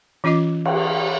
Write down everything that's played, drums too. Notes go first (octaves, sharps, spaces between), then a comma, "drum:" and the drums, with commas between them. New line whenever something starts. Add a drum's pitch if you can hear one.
E3 C#4 F4 D#5 D6
drum: cymbal